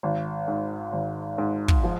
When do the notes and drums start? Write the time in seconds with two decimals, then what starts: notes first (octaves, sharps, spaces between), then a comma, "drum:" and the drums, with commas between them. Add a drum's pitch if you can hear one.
0.03 G#1
0.48 G#2
0.93 G#1
1.38 G#2
1.68 drum: kick
1.84 F3